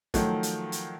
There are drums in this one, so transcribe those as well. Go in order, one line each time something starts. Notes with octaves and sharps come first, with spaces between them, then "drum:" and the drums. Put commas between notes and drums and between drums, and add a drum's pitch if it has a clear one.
D#3 F3 F#3 A3, drum: kick, hi-hat
drum: hi-hat
drum: hi-hat